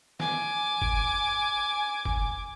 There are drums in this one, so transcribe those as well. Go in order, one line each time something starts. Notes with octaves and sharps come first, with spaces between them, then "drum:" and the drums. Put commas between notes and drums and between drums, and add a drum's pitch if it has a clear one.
G#5 D6, drum: snare
drum: kick
drum: kick